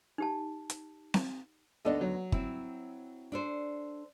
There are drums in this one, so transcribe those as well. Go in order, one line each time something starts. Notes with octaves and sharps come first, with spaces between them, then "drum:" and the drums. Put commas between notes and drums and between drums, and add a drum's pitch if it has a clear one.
D#4 G4 A5
drum: hi-hat
drum: snare C4
D2 B3 D4 D#4 A4 D#5
F#3
C4 E4, drum: kick G1
D4 A4 C5